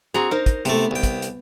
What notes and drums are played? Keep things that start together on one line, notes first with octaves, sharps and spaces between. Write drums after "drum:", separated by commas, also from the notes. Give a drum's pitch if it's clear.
C4 F#4 G#4 A#5
D#4 A#4 C5
drum: kick, hi-hat
C3 A3 B3, drum: hi-hat
C2 G5
drum: kick, hi-hat
drum: hi-hat